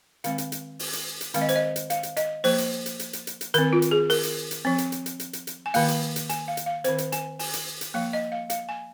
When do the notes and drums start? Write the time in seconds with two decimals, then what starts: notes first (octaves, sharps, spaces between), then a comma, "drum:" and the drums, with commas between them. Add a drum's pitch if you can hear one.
0.24 D#3 G#3 C4 F5, drum: hi-hat
0.38 drum: hi-hat
0.52 drum: hi-hat
0.79 drum: open hi-hat
0.93 drum: hi-hat
1.21 drum: hi-hat
1.34 D#3 G#3 C4 F5, drum: hi-hat
1.42 D#5
1.49 C5, drum: hi-hat
1.56 D#5
1.76 drum: hi-hat
1.90 F5, drum: hi-hat
2.03 drum: hi-hat
2.17 D#5, drum: hi-hat
2.44 F3 A#3 C5, drum: open hi-hat
2.58 drum: hi-hat
2.86 drum: hi-hat
2.99 drum: hi-hat
3.13 drum: hi-hat
3.27 drum: hi-hat
3.41 drum: hi-hat
3.54 D#3 C4 A#4, drum: hi-hat
3.73 F4
3.82 drum: hi-hat
3.91 G#4
4.10 A#4, drum: open hi-hat
4.23 drum: hi-hat
4.51 drum: hi-hat
4.65 F3 C4
4.78 drum: hi-hat
4.92 drum: hi-hat
5.06 drum: hi-hat
5.20 drum: hi-hat
5.33 drum: hi-hat
5.47 drum: hi-hat
5.66 G#5
5.74 D#3 A#3 F5, drum: open hi-hat
5.88 drum: hi-hat
6.16 drum: hi-hat
6.29 G#5, drum: hi-hat
6.48 F5
6.57 drum: hi-hat
6.66 F5
6.84 D#3 C4 C5, drum: hi-hat
6.98 drum: hi-hat
7.12 G#5, drum: hi-hat
7.39 G#5, drum: open hi-hat
7.53 drum: hi-hat
7.81 drum: hi-hat
7.94 F3 A#3 F5
8.13 D#5
8.32 F5
8.50 F5, drum: hi-hat
8.69 G#5